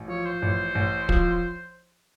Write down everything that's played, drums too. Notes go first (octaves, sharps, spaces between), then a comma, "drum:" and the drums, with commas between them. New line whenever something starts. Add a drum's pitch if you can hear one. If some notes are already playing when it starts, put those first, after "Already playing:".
Already playing: A1
F3 C#5
C5
A1
A1
F3, drum: kick